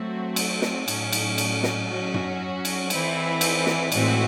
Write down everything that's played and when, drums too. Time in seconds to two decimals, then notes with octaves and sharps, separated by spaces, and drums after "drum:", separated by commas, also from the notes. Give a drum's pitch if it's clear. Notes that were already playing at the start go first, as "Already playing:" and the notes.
Already playing: F#3 A3 C4 F#4
0.36 drum: cymbal
0.62 drum: snare
0.88 A2 F#3 C#4, drum: cymbal
1.12 drum: cymbal
1.38 drum: cymbal
1.63 drum: snare
1.89 F#3 C#4 F#4
2.14 drum: tom
2.65 drum: cymbal
2.90 E3 C4 E4, drum: cymbal
3.41 drum: cymbal
3.66 drum: snare
3.92 A2 E3 G#3 C4 F#4, drum: cymbal